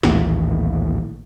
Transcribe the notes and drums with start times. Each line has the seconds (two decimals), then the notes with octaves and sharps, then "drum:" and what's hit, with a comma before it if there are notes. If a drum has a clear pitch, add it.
0.03 A#1 D#2 A2 E3, drum: snare